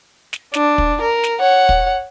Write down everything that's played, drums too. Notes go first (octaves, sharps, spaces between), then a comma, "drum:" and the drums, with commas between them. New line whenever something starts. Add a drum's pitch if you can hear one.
drum: snare
D4, drum: snare
drum: kick
A#4
drum: snare
C#5 F#5
drum: kick